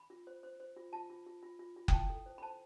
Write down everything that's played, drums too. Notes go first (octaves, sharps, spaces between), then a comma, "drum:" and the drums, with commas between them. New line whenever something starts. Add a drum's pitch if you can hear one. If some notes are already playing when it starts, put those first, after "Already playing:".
Already playing: B5
F4
C5
C5
C5
F4
F4 A5
F4
F4
F4
F4
F4
G5, drum: kick F#1
E4 A5
A4
C5
B5
C5 A5